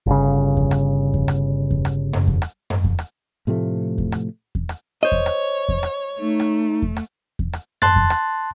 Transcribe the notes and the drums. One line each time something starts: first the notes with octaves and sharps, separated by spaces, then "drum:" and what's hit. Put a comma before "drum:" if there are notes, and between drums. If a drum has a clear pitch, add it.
G1 C#3
drum: kick E2
drum: rim click
drum: kick E2
drum: rim click
drum: kick E2
drum: rim click
drum: tom F#2
drum: kick E2
drum: rim click
drum: tom F#2
drum: kick E2
drum: rim click
A2 C3 F3 A3
drum: kick E2
drum: rim click
drum: kick E2
drum: rim click
C5 C#5 D#5
drum: kick E2
drum: rim click
drum: kick E2
drum: rim click
A3 D#4
drum: rim click
drum: kick E2
drum: rim click
drum: kick E2
drum: rim click
A5 C6 F#6 A6, drum: tom F#2
drum: kick E2
drum: rim click